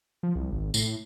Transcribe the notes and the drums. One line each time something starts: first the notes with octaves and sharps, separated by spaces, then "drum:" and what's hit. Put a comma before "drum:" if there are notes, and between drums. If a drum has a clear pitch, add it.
F3
C2
G#1
A2, drum: tambourine